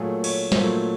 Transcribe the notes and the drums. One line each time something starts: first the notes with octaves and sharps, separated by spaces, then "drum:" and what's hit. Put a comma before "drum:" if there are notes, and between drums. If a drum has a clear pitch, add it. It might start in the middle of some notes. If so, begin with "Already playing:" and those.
Already playing: A#2 F#3 A3 G#4
C#5, drum: cymbal
C5, drum: snare
A#2 F#3 A3 C#5